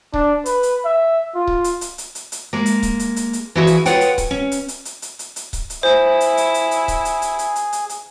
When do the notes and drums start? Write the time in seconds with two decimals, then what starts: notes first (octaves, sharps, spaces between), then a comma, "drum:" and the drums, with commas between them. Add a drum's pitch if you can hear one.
0.14 D4, drum: kick C#1
0.46 B4, drum: hi-hat
0.63 drum: hi-hat
0.84 E5
1.35 F4
1.47 drum: kick C#1
1.64 drum: hi-hat
1.81 drum: hi-hat
1.98 drum: hi-hat
2.15 drum: hi-hat
2.32 drum: hi-hat
2.53 G#3 A#3
2.66 drum: hi-hat
2.83 drum: kick C#1, hi-hat
3.00 drum: hi-hat
3.16 drum: hi-hat
3.33 drum: hi-hat
3.55 E3 F3 E4 F#4 G#4
3.67 drum: hi-hat
3.86 F4 G#4 B4 C#5 F#5 G5, drum: hi-hat
4.01 drum: hi-hat
4.18 G#5, drum: kick C#1, hi-hat
4.31 C#4
4.52 drum: hi-hat
4.68 drum: hi-hat
4.85 drum: hi-hat
5.02 drum: hi-hat
5.19 drum: hi-hat
5.36 drum: hi-hat
5.53 drum: kick C#1, hi-hat
5.70 drum: hi-hat
5.83 E4 G#4 C5
6.21 drum: hi-hat
6.37 drum: hi-hat
6.54 drum: hi-hat
6.71 drum: hi-hat
6.88 drum: kick C#1, hi-hat
7.05 drum: hi-hat
7.22 drum: hi-hat
7.39 drum: hi-hat
7.56 drum: hi-hat
7.73 drum: hi-hat
7.89 drum: hi-hat